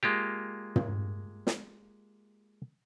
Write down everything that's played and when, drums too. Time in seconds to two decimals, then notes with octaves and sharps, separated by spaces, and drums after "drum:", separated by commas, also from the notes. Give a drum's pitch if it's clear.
0.03 G#3 A#3 F4 G4
0.76 drum: tom
1.47 drum: snare